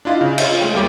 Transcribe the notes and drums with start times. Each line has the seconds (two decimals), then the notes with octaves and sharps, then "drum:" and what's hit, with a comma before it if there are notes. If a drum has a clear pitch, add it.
0.05 D4 E4 F4 D#5 F5
0.21 C#3
0.38 F4 C#5 D#5 E5, drum: cymbal
0.61 G#3 A3 G5
0.74 D#2 G3 A#3 G4 B5